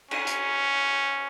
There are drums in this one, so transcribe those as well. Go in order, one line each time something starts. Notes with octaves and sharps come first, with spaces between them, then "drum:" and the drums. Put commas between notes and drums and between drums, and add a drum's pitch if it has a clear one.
C#4, drum: cymbal
drum: hi-hat